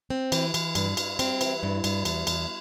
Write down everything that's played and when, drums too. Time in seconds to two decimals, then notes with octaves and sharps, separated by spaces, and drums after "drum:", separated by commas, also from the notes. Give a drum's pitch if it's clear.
0.10 C4
0.32 E3, drum: cymbal
0.54 E3, drum: cymbal
0.75 G2, drum: cymbal
0.97 G2, drum: cymbal
1.19 C4, drum: cymbal
1.41 E3, drum: cymbal
1.63 G2
1.84 G2, drum: cymbal
2.05 E2, drum: cymbal
2.27 E2, drum: cymbal